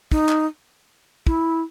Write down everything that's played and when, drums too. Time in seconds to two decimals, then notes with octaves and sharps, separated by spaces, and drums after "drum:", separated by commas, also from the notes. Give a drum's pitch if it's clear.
0.12 D#4, drum: kick
0.29 drum: clap
1.27 E4, drum: kick